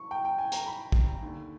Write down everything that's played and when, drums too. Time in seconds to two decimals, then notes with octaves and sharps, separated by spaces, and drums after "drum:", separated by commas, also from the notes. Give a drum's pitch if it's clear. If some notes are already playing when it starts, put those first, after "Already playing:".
Already playing: C#6
0.11 G5
0.25 G5
0.38 G#5
0.52 A#5, drum: hi-hat
0.66 B5
0.92 drum: kick
1.22 D#2 D3